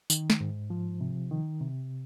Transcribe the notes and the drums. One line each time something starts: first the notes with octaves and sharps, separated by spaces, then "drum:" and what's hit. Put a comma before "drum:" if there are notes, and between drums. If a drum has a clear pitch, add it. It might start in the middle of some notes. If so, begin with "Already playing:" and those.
D#3, drum: tambourine
drum: snare
G#2
F3
C3
D#3
C3